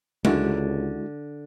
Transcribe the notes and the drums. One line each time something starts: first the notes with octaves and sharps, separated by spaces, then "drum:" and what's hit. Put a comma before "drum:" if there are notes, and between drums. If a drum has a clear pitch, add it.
C#2 D3 G#3 E4 F#4, drum: tom G#3